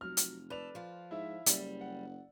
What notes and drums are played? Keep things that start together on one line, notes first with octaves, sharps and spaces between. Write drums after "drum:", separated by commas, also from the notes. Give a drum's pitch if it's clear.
F1 F#3 F6
drum: hi-hat
A4 B4 D5 F7
F3 F4
G#2 E4 E5
F#1 G3, drum: hi-hat
F#5